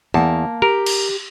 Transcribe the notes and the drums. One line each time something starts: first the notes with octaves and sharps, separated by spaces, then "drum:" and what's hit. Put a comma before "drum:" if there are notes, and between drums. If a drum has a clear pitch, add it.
E2 A#3 A5
G4 A#4
drum: cymbal